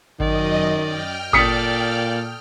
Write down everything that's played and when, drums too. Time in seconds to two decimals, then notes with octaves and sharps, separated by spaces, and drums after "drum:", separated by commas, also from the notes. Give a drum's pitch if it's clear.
0.20 F#2 D#3 D5 D#5, drum: kick G#1
0.82 G5 F6
1.33 A#2 A4 D5 D#6 B6 C#7, drum: kick G#1